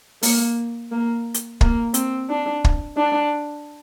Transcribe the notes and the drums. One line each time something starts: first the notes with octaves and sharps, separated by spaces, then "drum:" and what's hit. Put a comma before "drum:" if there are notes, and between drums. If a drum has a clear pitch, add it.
A#3, drum: open hi-hat
A#3
drum: hi-hat
A#3, drum: kick
C4, drum: hi-hat
D4
drum: kick
D4